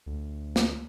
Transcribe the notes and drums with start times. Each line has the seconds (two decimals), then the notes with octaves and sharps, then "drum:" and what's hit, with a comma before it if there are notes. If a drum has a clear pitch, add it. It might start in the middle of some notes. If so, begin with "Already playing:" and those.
0.06 D2
0.56 drum: snare